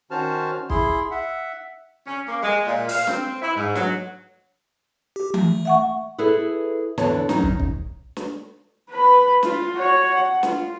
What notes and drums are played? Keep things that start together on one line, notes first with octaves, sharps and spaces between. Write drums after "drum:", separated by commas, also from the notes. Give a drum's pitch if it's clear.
D#3 C#4 F#4 C5 A5 F6
E4 G#4 C6, drum: kick
E5 F#5
C#4
A#3
G#3
A#2
F5, drum: open hi-hat
C4, drum: snare
E4
G#2
F#3, drum: snare
G4
A3, drum: tom E3
E5 F#5 C#6
E4 G#4 A4 B4
E2 D3 E3 C#5 A5, drum: snare
F#3 C#4 D#4, drum: snare
drum: kick
drum: kick
drum: snare
B4 B5
F4, drum: snare
F#4 C#5
F#5
F4, drum: snare